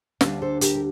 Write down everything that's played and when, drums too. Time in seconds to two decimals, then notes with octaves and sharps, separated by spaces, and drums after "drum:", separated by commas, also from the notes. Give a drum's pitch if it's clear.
0.21 D2 D3 G3 A#3 D4 D5 F5, drum: snare
0.42 A4 C5
0.61 G4 A#4, drum: hi-hat
0.75 A#4